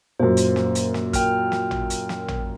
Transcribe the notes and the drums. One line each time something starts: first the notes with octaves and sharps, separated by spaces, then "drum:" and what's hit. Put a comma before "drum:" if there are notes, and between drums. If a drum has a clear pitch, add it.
F#2 A#2 C5
drum: hi-hat
drum: snare
drum: hi-hat
drum: snare
G5 F6, drum: kick, hi-hat
drum: snare
drum: tom A1
drum: hi-hat
drum: snare
drum: tom A1